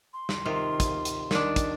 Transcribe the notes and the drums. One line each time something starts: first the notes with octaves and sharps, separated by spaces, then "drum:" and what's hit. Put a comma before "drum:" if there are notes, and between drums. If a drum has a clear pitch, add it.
C6
drum: snare
C3 D#3 F4
drum: kick, hi-hat
drum: hi-hat
D#3 D4, drum: snare
drum: kick, hi-hat